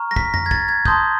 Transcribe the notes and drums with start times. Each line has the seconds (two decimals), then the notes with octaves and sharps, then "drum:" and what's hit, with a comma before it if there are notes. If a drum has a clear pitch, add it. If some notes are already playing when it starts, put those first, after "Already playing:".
Already playing: A#5 C#6 F6
0.11 A#6
0.16 B6, drum: kick
0.34 A#6, drum: tom F2
0.46 G#6
0.51 A6, drum: kick
0.68 G#6
0.85 A5 C6 D#6 G6, drum: kick